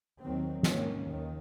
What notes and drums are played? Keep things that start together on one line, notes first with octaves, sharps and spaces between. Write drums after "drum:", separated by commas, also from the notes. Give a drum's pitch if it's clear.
D#2 D#3 F#3 C4
G#2 D#3 A#3 C#4, drum: snare
D#2 D#3